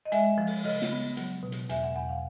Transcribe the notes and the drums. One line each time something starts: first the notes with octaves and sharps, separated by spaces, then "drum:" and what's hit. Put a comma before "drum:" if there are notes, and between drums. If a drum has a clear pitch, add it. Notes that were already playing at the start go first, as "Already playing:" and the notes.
D#5
G#3 E5, drum: hi-hat
F3
drum: open hi-hat
C#3 D#5, drum: open hi-hat
drum: snare
B3
F#3, drum: hi-hat
B2
drum: hi-hat
E2 E5, drum: hi-hat
F#5
E2 F#5
F5